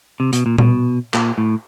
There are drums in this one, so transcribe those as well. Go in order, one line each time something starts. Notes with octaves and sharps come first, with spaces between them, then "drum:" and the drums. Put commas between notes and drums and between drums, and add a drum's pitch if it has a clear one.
C3
B2, drum: hi-hat
A#2
B2, drum: tom A#2
A#2, drum: clap
A2